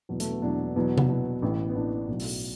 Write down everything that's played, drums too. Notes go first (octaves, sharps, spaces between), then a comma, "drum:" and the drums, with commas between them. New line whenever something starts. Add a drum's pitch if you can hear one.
E2 B2 F#3 B3
A3, drum: hi-hat
B3
E2 B2 F#3 D4
E2 B2 F#3
drum: tom C3
E2 B2 F#3
A1 A2 E3
B3
A1 A2 E3 D4
B1 A2 F#3
drum: open hi-hat